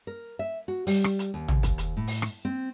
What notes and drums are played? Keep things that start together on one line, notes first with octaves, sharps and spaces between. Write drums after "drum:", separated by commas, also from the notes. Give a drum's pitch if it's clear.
A#4
E5
F#4
G3, drum: open hi-hat
drum: rim click
drum: hi-hat
D#2
drum: tom
drum: kick, hi-hat
drum: hi-hat
A2
drum: open hi-hat
drum: rim click
C4